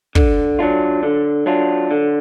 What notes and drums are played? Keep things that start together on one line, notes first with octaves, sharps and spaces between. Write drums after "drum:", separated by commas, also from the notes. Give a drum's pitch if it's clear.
D3, drum: kick
F#3 D4 F4
D3
F#3 D4 F4
D3